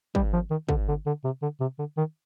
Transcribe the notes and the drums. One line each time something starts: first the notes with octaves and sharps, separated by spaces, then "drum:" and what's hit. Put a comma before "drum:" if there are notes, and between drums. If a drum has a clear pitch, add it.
G3, drum: kick
F3
D#3
D3, drum: kick
D3
D3
C3
D3
C3
D3
D#3